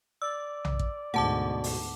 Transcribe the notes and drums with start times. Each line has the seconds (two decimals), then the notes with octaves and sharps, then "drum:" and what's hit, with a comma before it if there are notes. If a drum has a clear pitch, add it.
0.22 D5 E6
0.65 drum: tom B1
0.79 drum: kick
1.14 D2 G#2 B2 F#5 A5 D6
1.64 drum: open hi-hat